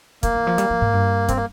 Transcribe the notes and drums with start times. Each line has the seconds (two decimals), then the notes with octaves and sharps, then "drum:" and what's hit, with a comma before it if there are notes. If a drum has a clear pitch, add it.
0.23 F2 A#3, drum: kick, hi-hat
0.35 E3
0.47 F3
0.58 G3, drum: hi-hat
0.70 F3
0.81 G#2
0.93 G2
1.29 C4, drum: kick, hi-hat
1.37 A#3